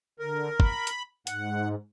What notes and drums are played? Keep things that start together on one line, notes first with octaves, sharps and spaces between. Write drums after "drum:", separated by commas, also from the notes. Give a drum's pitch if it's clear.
D3 A#4
B5, drum: kick
drum: hi-hat
G#2 F#5, drum: hi-hat